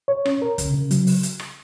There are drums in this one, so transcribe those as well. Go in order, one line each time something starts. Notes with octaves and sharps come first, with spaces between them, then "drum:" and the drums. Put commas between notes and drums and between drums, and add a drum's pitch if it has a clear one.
C#5
C#4, drum: rim click
A#4
C#3, drum: kick, hi-hat
C#3
F#3, drum: hi-hat
drum: open hi-hat
drum: hi-hat
drum: rim click